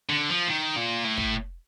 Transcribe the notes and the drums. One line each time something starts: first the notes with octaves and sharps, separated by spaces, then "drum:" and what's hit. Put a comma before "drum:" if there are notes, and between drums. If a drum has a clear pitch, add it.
D3
F3
D#3
A#2
A2
drum: kick